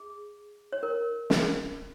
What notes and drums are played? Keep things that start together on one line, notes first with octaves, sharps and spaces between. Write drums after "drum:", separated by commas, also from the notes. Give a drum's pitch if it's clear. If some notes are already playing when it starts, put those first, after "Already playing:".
Already playing: G#4
C#5
A#4
drum: snare